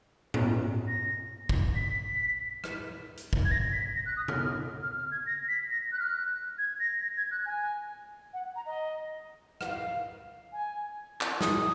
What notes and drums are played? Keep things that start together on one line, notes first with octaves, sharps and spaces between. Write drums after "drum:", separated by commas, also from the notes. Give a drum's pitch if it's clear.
drum: tom A2
A#6
drum: kick
B6
drum: rim click
drum: hi-hat
drum: kick
G#6
A#6
B6
A#6
F#6
D#6
F6, drum: tom C#3
F6
F6
G#6
A#6
B6
A#6
F#6
F6
F#6
G#6
A#6
A#6
G#6
F#6
G#5
F#5
A#5
D#5
F#5, drum: rim click
F5
G#5
drum: clap
D#6, drum: snare